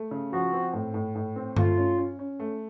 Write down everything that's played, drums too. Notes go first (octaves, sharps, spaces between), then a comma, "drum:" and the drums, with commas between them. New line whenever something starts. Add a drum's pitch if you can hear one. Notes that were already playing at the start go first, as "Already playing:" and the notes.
Already playing: A3
C#3
F3 F#4
C4
A2
A2
A2
C4
A3 F4, drum: tom G2
C#4
C#4
C#4
A3